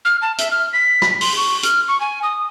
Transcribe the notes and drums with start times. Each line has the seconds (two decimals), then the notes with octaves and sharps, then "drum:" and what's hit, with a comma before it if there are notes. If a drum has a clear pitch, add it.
0.05 F6
0.22 A5
0.38 E5, drum: hi-hat
0.51 F6
0.73 B6
1.02 drum: rim click
1.21 C6, drum: open hi-hat
1.37 C#6
1.63 F6, drum: hi-hat
1.88 C#6
2.00 G#5
2.23 D#6